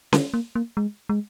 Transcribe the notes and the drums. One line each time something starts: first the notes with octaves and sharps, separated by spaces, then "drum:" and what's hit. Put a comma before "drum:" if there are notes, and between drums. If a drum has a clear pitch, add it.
D3, drum: snare C#4
A#3
A#3
G#3
G#3